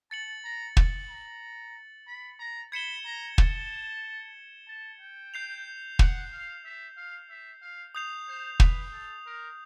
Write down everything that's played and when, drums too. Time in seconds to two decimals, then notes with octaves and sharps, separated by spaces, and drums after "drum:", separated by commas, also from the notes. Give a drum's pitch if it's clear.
0.11 A5 A6 C#7 F#7
0.44 A#5
0.77 drum: kick
1.10 A#5
2.08 B5
2.40 A#5
2.72 B5 G#6 C#7 E7 G7
3.06 A#5
3.38 A5, drum: kick
4.68 A5
5.01 G5
5.34 G6 C7 F7
5.99 F#5, drum: kick
6.32 F5
6.65 E5
6.97 F5
7.30 E5
7.62 F5
7.95 D#6 G6 C7 F7
8.28 C5
8.60 B4, drum: kick
8.92 A4
9.26 A#4